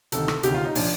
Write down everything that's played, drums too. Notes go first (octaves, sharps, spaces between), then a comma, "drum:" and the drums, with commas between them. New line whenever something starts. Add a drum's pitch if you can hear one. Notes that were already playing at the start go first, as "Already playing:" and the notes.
D2 C3 D#3 A4, drum: hi-hat
drum: rim click
D2 C3 D#3 G4, drum: hi-hat
F4
D#4
A#2 F3 D4, drum: open hi-hat